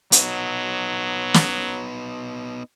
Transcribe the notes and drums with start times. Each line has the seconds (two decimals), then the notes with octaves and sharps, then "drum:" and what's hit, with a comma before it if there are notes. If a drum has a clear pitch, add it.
0.12 F#3 B3 D#4, drum: hi-hat
1.34 drum: snare